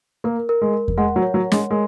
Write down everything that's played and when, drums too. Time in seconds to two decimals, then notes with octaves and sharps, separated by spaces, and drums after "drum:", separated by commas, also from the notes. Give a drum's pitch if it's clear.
0.24 A#3 A#4
0.49 A#4
0.62 G#3
0.73 A#4
0.88 drum: kick E2
0.97 G#3 F#5
1.16 F#3
1.22 C#5
1.34 F#3
1.46 C#5
1.52 G#3, drum: snare
1.71 G#3 A#4